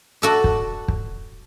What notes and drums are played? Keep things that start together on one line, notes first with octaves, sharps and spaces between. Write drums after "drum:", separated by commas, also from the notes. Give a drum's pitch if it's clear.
F#4 A4 D5
drum: kick
drum: kick